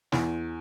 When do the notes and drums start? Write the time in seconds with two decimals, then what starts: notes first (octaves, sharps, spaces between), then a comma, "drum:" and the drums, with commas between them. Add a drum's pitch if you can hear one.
0.12 E2, drum: snare